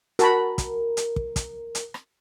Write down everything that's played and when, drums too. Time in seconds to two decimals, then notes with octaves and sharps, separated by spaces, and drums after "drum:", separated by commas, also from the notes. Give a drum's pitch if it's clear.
0.19 F#4 A#4 A5 B5, drum: hi-hat
0.58 drum: kick, hi-hat
0.97 drum: hi-hat
1.16 drum: kick
1.36 drum: kick, hi-hat
1.75 drum: hi-hat
1.94 drum: rim click